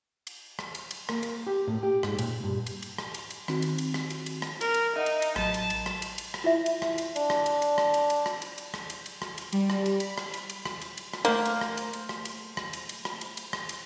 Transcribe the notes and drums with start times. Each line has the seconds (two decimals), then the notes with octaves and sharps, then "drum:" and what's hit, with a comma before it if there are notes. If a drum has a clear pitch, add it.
0.27 drum: cymbal
0.59 drum: rim click
0.75 drum: cymbal
0.91 drum: cymbal
1.09 A#3, drum: rim click
1.23 drum: cymbal
1.47 G4
1.68 A2
1.83 G4
2.03 G#2, drum: rim click
2.19 A#2, drum: cymbal
2.43 G2
2.66 drum: cymbal
2.82 drum: cymbal
2.98 drum: rim click
3.14 drum: cymbal
3.30 drum: cymbal
3.48 D#3 C4 F#4, drum: rim click
3.62 drum: cymbal
3.78 drum: cymbal
3.94 drum: rim click
4.10 drum: cymbal
4.26 drum: cymbal
4.42 drum: rim click
4.61 A#4, drum: cymbal
4.74 drum: cymbal
4.96 D#4 E5 F#5 A#5
5.06 drum: cymbal
5.22 drum: cymbal
5.36 A1 F#3 A5, drum: rim click
5.54 drum: cymbal
5.70 drum: cymbal
5.86 drum: rim click
6.02 drum: cymbal
6.18 drum: cymbal
6.34 drum: rim click
6.44 E4 F4 E5
6.66 drum: cymbal
6.82 drum: rim click
6.98 drum: cymbal
7.16 D4, drum: cymbal
7.30 drum: rim click
7.46 drum: cymbal
7.62 drum: cymbal
7.78 drum: rim click
7.94 drum: cymbal
8.10 drum: cymbal
8.26 drum: rim click
8.42 drum: cymbal
8.58 drum: cymbal
8.74 drum: rim click
8.90 drum: cymbal
9.06 drum: cymbal
9.22 drum: rim click
9.38 drum: cymbal
9.52 G3, drum: cymbal
9.70 drum: rim click
9.86 drum: cymbal
10.00 B5, drum: cymbal
10.18 drum: rim click
10.34 drum: cymbal
10.50 drum: cymbal
10.66 drum: rim click
10.81 drum: cymbal
10.97 drum: cymbal
11.13 drum: rim click
11.25 A3 A#3 C5
11.45 drum: cymbal
11.61 drum: rim click
11.77 drum: cymbal
11.93 drum: cymbal
12.09 drum: rim click
12.25 drum: cymbal
12.57 drum: rim click
12.73 drum: cymbal
12.89 drum: cymbal
13.05 drum: rim click
13.21 drum: cymbal
13.37 drum: cymbal
13.53 drum: rim click
13.69 drum: cymbal